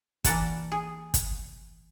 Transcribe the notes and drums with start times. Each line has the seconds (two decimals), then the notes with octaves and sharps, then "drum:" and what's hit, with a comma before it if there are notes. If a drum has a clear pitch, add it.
0.24 E3 A#3 D5 F#5 A5, drum: kick, hi-hat
0.72 G#4
1.14 drum: kick, hi-hat